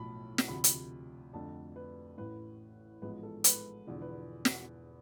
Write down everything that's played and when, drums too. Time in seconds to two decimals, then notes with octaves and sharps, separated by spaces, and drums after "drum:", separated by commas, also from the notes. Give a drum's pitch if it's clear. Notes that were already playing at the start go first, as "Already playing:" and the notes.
Already playing: B1 A2 F3 A5 B5
0.38 drum: snare
0.48 D2 C3 F3 B5
0.64 drum: hi-hat
1.33 F2 D3 A3 D4 A5
1.76 B4
2.18 A1 A2 E3 B4
3.02 A1 G#2 F3 G#3 B3 B4
3.23 A4
3.44 B4, drum: hi-hat
3.87 E1 E2 D3 F3 B3
4.02 B4
4.45 drum: snare